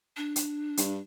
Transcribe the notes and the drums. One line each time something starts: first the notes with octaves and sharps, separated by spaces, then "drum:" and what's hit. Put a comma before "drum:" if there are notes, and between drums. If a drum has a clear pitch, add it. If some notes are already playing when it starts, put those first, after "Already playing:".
D4
drum: hi-hat
G2, drum: hi-hat